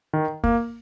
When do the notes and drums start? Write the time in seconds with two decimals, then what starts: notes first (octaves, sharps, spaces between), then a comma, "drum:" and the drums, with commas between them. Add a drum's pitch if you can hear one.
0.13 D#3
0.44 A#3, drum: kick